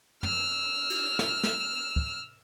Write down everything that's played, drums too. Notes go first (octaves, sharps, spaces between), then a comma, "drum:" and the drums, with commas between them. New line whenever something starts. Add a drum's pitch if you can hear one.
E6 F6, drum: tom
drum: cymbal
drum: snare
drum: snare
drum: kick